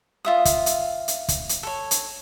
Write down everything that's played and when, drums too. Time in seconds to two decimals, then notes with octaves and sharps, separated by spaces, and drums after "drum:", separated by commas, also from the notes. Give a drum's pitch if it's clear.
0.25 F4 E5 D#6
0.45 drum: kick, hi-hat
0.66 drum: hi-hat
1.08 drum: hi-hat
1.28 drum: kick, hi-hat
1.49 drum: hi-hat
1.63 A4 C#5
1.91 drum: hi-hat